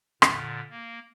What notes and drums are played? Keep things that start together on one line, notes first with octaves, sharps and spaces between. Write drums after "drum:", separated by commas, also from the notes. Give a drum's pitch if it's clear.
A#2 D3, drum: rim click
A#3